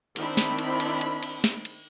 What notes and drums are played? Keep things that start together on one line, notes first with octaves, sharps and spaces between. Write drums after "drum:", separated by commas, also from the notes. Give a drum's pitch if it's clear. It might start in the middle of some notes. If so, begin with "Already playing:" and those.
D#3 C4 D4 E4 B5, drum: cymbal
drum: snare
drum: cymbal
drum: cymbal
drum: cymbal
drum: cymbal
drum: snare
drum: cymbal